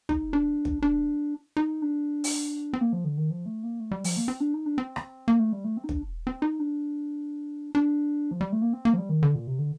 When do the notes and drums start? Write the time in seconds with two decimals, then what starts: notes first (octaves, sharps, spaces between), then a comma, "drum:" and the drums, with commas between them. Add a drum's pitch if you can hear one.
0.09 D#4, drum: kick
0.33 D4
0.65 drum: kick
0.82 D4
1.57 D#4
1.82 D4
2.24 drum: open hi-hat
2.73 C4
2.81 A#3
2.93 F3
3.05 D3
3.18 D#3
3.30 F3
3.46 A3
3.63 A#3
3.80 A3
3.91 G3
4.04 F3, drum: open hi-hat
4.17 A#3
4.28 C4
4.40 D4
4.54 D#4
4.66 D4
4.78 C4
4.96 drum: rim click
5.28 A#3
5.39 A3
5.53 G3
5.64 A3
5.77 C4
5.84 D#4
5.89 D4, drum: kick
6.27 C4
6.42 D#4
6.60 D4
7.75 D4
8.31 F3
8.41 G3
8.52 A3
8.62 A#3
8.73 C4
8.85 A#3
8.94 F3
8.98 G3
9.09 D#3
9.23 D3
9.35 A#2
9.47 C3
9.59 D3